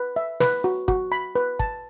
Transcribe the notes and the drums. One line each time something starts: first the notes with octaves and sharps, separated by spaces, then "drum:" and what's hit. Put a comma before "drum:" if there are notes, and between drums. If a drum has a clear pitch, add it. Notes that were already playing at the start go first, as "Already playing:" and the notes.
Already playing: B4
E5
B4, drum: snare
F#4
F#4, drum: kick
B5
B4
A5, drum: kick